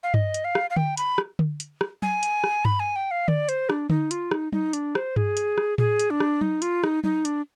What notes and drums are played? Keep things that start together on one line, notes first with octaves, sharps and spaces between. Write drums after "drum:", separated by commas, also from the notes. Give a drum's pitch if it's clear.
F5
D#5, drum: tom G2
drum: hi-hat
F5
drum: rim click
F5
G5, drum: tom D3
B5, drum: hi-hat
drum: rim click
drum: tom D3
drum: hi-hat
drum: rim click
G#5, drum: tom F#3
drum: hi-hat
drum: rim click
B5, drum: tom G2
G#5
G5
F5
D5, drum: tom D3
C5, drum: hi-hat
D4, drum: rim click
D#4, drum: tom D3
F4, drum: hi-hat
D#4, drum: rim click
D#4, drum: tom F#3
D4, drum: hi-hat
C5, drum: rim click
G#4, drum: tom G2
drum: hi-hat
drum: rim click
G#4, drum: tom A2
drum: hi-hat
D4
drum: rim click
D#4, drum: tom F#3
F4, drum: hi-hat
D#4, drum: rim click
D#4, drum: tom F#3
D4, drum: hi-hat